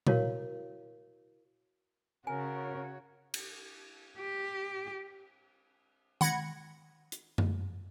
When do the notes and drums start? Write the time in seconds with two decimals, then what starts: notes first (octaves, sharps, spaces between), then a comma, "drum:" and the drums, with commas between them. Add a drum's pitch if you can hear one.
0.07 E4 F#4 A#4 C#5 F5, drum: tom A#2
2.27 C#3 F#4 A#4 C#5 G#5
3.34 drum: cymbal
4.19 G4
6.21 F#5 B5 G#6 A#6 C#7, drum: tom D#3
7.12 drum: hi-hat
7.38 drum: tom F#2